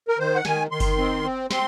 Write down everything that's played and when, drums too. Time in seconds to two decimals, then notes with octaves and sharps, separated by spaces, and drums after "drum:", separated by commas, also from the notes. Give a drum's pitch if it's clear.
0.08 A#4
0.19 D#3 C5
0.35 F#5
0.45 D#3 G#5, drum: snare
0.71 D#3 C6
0.80 drum: kick F#1, open hi-hat
0.98 C4
1.24 C4
1.51 C4 C6, drum: snare